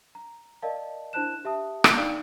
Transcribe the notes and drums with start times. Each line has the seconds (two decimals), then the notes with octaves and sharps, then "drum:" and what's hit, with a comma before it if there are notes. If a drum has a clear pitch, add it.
0.15 A#5
0.62 A#4 D5 D#5 F5 A5
1.13 D4 E4 C5 A5 F#6 E7
1.45 G4 E5 A5 D#6
1.84 drum: rim click
1.96 D4 D#4 D5 F5 G5